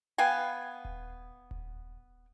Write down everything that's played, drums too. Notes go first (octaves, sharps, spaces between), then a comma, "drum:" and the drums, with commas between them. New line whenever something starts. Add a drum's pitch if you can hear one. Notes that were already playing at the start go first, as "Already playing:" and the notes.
B3 F5 G5 G#5
drum: kick D#1
drum: kick D#1